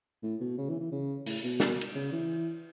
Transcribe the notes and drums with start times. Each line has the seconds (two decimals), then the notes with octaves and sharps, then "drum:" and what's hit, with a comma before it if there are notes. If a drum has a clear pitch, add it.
0.23 A2
0.41 B2
0.58 C#3
0.69 E3
0.80 E3
0.92 C#3
1.26 A2, drum: open hi-hat
1.44 B2
1.60 drum: snare
1.81 drum: cymbal
1.95 C#3
2.12 E3